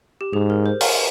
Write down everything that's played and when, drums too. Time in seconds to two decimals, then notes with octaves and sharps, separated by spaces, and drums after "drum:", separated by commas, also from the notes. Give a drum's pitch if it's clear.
0.21 G4
0.33 G#2 G#4
0.50 A#4
0.66 C5
0.81 A#4, drum: open hi-hat